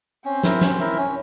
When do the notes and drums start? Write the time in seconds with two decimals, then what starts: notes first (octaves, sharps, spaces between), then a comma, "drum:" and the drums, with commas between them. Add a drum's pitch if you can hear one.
0.25 C4 C#4
0.43 E4 A#4 E5, drum: snare
0.61 C#4, drum: snare
0.80 E4 A#4 E5
0.97 C#4